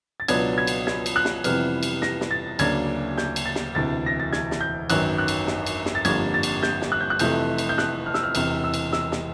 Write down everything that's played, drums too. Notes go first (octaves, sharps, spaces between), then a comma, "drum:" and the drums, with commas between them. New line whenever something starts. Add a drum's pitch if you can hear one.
A6
C#2 B2 F#3 B3 D4 G#6, drum: cymbal
G#6
drum: cymbal
G#6, drum: snare
drum: cymbal
F#6
drum: snare
F2 C3 E3 G3 B3 F6, drum: cymbal
drum: cymbal
A#6, drum: snare
drum: snare
A6
D2 C#3 F#3 A#3 D4 G#6, drum: cymbal
G6, drum: snare
drum: cymbal
A6
drum: snare
E1 D2 C3 E3 A6
A#6
A6
G#6, drum: snare
drum: snare
G6
G#1 F#2 D#3 F#3 B3 F#6, drum: cymbal
F#6
drum: cymbal
drum: snare
drum: cymbal
drum: snare
A6
G1 F2 D3 G3 A#3 G#6, drum: cymbal
A6
drum: cymbal
G6, drum: snare
drum: snare
F#6
G6
F#6
F1 F2 C3 E3 A3 G6, drum: cymbal
drum: cymbal
G6
F#6, drum: snare
F6
E6, drum: snare
F6
E1 E2 C3 F6, drum: cymbal
E6
drum: cymbal
E6, drum: snare
drum: snare